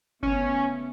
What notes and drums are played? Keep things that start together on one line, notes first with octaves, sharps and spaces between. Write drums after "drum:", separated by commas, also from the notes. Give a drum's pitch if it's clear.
C#3 A3 B3 C#4, drum: kick G1